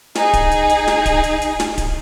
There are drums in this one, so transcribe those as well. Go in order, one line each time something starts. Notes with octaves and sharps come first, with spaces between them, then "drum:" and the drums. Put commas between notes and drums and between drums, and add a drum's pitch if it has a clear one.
D#4 G#4, drum: snare
drum: kick D1, hi-hat
drum: hi-hat
drum: hi-hat
drum: snare
drum: kick D1, hi-hat
drum: hi-hat
drum: hi-hat
drum: snare
drum: kick D1, hi-hat